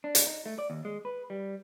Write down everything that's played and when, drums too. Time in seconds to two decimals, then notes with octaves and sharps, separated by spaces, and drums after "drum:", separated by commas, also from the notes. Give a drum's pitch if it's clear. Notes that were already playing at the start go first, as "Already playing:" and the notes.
0.04 D4
0.15 drum: hi-hat
0.27 D#4
0.46 A3
0.59 D5
0.70 D#2
0.85 G#3
1.05 B4
1.30 G3